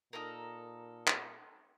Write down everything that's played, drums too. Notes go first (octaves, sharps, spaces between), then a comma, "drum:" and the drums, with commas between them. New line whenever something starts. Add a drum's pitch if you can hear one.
A#2 D#4 A4 A#4
drum: clap